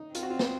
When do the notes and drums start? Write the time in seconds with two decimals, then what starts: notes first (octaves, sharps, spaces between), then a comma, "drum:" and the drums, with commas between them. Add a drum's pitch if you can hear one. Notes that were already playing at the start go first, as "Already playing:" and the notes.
Already playing: D#4
0.15 C4 F4, drum: hi-hat
0.23 F#4
0.30 F4
0.39 drum: snare